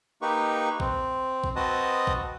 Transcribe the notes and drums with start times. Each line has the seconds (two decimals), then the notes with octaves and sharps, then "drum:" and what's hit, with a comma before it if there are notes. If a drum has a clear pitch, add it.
0.22 A#3 D#4 G4 B4 C#6
0.80 C4, drum: kick A#1
1.44 drum: kick A#1
1.56 C4 F#4 B4 D#5 A5 D#6
2.07 drum: kick A#1